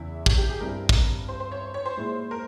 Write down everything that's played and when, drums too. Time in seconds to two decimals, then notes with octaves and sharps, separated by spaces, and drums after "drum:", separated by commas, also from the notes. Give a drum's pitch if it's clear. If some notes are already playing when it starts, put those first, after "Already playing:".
Already playing: E2 C#3 E3 E4
0.26 G4, drum: kick
0.37 G4
0.49 G#4
0.60 G2 G3 C4 E4 A#4
0.89 drum: kick
1.28 C5
1.40 C5
1.51 C#5
1.74 C#5
1.86 C5
1.97 A#2 G#3 E4
2.31 A#4